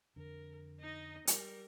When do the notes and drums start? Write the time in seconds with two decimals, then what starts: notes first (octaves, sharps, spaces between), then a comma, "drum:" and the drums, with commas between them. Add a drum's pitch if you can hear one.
0.16 F2 D3 A#4
0.80 D#4 D#5
1.27 G3 A#4, drum: hi-hat